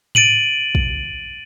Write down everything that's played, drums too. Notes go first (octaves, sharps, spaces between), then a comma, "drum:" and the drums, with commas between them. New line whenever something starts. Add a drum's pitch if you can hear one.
A6 D7 D#7 F#7, drum: tom G#2
drum: kick